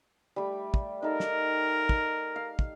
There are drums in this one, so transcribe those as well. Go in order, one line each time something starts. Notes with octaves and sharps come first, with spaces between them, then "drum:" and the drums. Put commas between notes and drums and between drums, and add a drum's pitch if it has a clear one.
G3 A3 G4
drum: kick
D#4 A4 A#4 F5
drum: snare
drum: kick
F5
drum: kick